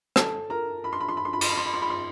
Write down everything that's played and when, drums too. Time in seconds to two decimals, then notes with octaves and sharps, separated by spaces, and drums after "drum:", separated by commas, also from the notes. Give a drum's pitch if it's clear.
0.16 A4 A5, drum: rim click
0.50 A#4 A#5
0.84 B5
0.93 C6
1.00 B5
1.09 C6
1.17 B5
1.25 C6
1.33 B5
1.41 C6, drum: cymbal
1.49 B5
1.57 C6
1.65 B5
1.74 C6
1.82 B5
1.90 C6